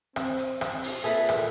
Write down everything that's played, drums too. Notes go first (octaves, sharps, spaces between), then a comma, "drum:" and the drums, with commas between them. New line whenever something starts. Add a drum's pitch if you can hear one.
C4, drum: rim click
drum: hi-hat
drum: rim click
drum: open hi-hat
A#2 G#4 A4 B4 E5, drum: hi-hat
drum: rim click